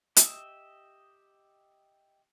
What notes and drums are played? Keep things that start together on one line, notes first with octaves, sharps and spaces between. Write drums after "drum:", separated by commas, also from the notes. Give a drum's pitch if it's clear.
G4 D#5 E5, drum: hi-hat